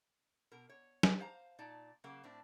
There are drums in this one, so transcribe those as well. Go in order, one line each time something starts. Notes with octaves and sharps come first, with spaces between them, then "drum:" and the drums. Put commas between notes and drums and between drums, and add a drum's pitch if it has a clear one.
B2 A#4
C#5
drum: snare
C5 F5 A#5
A#2 D#4 D5 A5
C#3 F#3 A#3
A2 C4 D4